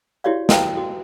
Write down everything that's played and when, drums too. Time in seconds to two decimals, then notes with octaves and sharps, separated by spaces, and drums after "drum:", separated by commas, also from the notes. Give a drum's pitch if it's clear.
0.24 E4 F#4 G4 C#5 D5 F5
0.49 F#4 B4 F5 G5 A5 A#5, drum: snare
0.77 F#4